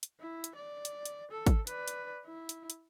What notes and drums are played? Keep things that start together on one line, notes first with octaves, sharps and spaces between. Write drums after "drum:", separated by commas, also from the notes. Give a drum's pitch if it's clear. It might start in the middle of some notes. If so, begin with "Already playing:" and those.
drum: hi-hat
E4
drum: hi-hat
D5
drum: hi-hat
drum: hi-hat
A4
drum: kick, hi-hat
B4 D5, drum: hi-hat
drum: hi-hat
E4
drum: hi-hat
drum: hi-hat